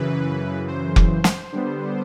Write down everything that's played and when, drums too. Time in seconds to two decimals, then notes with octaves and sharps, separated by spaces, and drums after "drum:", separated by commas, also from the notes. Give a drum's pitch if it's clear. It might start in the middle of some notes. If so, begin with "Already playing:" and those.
Already playing: F#2 C#3 E3 B4
0.68 C5
0.96 drum: kick F1
1.24 drum: snare
1.52 D3 G3 B3